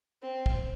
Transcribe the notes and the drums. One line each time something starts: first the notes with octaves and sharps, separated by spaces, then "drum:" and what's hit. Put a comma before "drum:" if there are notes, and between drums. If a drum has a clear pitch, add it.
C4
drum: kick